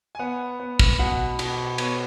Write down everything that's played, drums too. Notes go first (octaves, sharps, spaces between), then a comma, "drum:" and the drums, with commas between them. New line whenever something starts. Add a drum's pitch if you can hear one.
G#5
B3 F#5
B3
drum: kick
B2 F#5
B2, drum: cymbal
B3 C#5, drum: cymbal